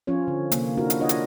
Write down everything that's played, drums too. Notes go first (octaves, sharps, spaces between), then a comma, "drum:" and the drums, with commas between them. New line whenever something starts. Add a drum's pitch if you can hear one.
F3 C#4 F4 C#5
D3
C3 A#3, drum: hi-hat
D4 E4 F#4 A#4
drum: hi-hat
D4 F4 C#5 D#5 F#5
drum: hi-hat